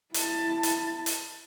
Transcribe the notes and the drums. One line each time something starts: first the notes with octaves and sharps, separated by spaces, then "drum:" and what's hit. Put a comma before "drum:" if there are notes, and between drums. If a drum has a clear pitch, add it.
E4 A5, drum: hi-hat
drum: hi-hat
drum: hi-hat